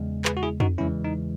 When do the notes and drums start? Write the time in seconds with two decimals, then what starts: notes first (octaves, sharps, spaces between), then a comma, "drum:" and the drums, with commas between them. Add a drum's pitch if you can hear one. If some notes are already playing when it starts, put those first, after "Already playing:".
Already playing: E2 C#3 G#3
0.25 G#4 B4, drum: clap
0.37 F#4
0.43 E4 G#4
0.60 D#4 F#4, drum: tom F2
0.78 E2 C#3 E3 G#3 C#4 E4
1.04 D#4